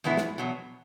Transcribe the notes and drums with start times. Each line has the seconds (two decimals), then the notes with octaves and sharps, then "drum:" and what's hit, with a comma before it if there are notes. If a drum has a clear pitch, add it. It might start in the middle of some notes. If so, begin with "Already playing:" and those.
0.04 E2 B2 G#3 B3 E4
0.17 drum: snare
0.38 E2 B2 F#3